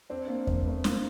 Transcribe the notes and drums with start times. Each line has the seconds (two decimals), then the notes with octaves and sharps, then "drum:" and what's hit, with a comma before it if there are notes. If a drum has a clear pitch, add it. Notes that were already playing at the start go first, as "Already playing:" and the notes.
0.10 C4 D4
0.28 A#3 C4
0.47 A#3 C4, drum: kick E2
0.66 A3 B3
0.84 A#3 C4, drum: snare